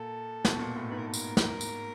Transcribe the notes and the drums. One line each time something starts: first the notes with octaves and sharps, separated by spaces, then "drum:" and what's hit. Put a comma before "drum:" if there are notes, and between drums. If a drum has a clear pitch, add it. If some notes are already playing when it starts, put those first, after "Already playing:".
Already playing: A#2 A4
B2, drum: snare
A#2
A2
G#2 B4
A#4
A4
A#4, drum: tambourine
A#4, drum: snare
drum: tambourine